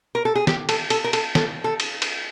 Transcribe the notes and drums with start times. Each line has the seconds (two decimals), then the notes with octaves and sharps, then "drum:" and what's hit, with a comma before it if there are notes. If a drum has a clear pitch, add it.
0.15 A#4
0.25 A4
0.35 G#4
0.47 G4, drum: snare
0.69 A4, drum: cymbal
0.90 A4, drum: cymbal
1.04 A#4
1.13 A4, drum: cymbal
1.35 A4, drum: snare
1.64 A4
1.80 drum: cymbal
2.02 drum: cymbal